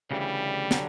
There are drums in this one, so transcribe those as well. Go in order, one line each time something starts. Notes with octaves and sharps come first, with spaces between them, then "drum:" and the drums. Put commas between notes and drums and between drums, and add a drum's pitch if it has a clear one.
D2 C#3 E3 G3
D3 F#3, drum: snare